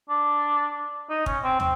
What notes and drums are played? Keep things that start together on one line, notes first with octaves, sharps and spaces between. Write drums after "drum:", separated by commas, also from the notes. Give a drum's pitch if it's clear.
D4
D#4
C#4, drum: kick
C4
C4, drum: tom